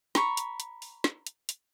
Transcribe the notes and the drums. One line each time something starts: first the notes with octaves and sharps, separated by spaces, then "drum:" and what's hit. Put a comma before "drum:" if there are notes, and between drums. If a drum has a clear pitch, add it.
A#5 B5 C#6, drum: snare
drum: hi-hat
drum: hi-hat
drum: open hi-hat
drum: snare
drum: hi-hat
drum: hi-hat